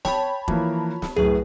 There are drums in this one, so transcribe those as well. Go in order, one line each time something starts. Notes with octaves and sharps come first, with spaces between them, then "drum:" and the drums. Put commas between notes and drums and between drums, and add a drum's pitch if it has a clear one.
C#5 G5 A5 B5, drum: snare
E3 F3 A#3, drum: kick F1
drum: snare
F#2 A2 G#4 B4, drum: tom C2